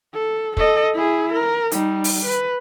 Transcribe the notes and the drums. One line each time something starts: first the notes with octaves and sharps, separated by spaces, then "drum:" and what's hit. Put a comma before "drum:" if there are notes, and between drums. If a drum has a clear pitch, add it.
A4
A4 D#5, drum: kick
E4 G#4
A#4
G3 D#4, drum: hi-hat
drum: open hi-hat
B4